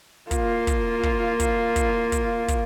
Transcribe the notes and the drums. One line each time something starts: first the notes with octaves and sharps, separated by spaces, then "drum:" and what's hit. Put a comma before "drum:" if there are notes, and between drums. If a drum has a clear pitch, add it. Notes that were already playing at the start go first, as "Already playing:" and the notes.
A#3 F4, drum: kick, hi-hat
drum: kick, hi-hat
drum: kick
drum: kick, hi-hat
drum: kick, hi-hat
drum: kick, hi-hat
drum: kick, hi-hat